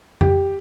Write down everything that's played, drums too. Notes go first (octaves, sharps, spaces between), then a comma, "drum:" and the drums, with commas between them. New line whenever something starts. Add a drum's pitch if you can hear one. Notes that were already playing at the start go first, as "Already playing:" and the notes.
G4, drum: tom F2